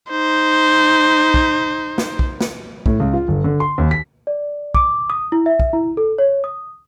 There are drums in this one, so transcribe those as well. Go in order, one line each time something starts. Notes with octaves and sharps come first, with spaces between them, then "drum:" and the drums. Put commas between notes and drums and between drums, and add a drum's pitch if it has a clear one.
D#4 C5
drum: kick
drum: snare
drum: kick
drum: snare
A2, drum: kick
C#2
F4
G1
D3
C6
D#2
B6
D5
D6, drum: kick
D#6
E4
E5
drum: kick
E4
A4
C#5
D#6